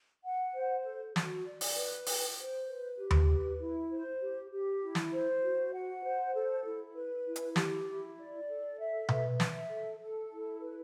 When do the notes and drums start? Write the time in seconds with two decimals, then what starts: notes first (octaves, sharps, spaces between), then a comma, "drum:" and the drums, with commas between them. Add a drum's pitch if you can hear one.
0.24 F#5
0.54 C5
0.85 A4
1.16 F#4, drum: snare
1.46 D5
1.61 drum: open hi-hat
1.77 B4
2.06 G5, drum: open hi-hat
2.38 C5
2.68 B4
2.98 G4
3.11 drum: tom D#2
3.29 B4
3.60 E4
3.90 C5
4.21 G4
4.51 G4
4.81 E4
4.95 drum: snare
5.12 C5
5.43 F#4
5.73 F#5
6.04 C5
6.34 A4
6.64 E4
6.95 B4
7.26 E4
7.36 drum: hi-hat
7.56 G4, drum: snare
7.87 E4
8.18 D5
8.48 A4
8.79 E5
9.08 B4, drum: tom B2
9.40 E5, drum: snare
9.69 A4
10.00 A4
10.31 E4
10.61 B4